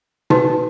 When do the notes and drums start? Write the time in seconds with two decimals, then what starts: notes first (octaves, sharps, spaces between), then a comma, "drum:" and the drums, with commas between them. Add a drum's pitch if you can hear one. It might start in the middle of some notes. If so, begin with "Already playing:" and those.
0.30 D#4 F#4 B4, drum: tom B2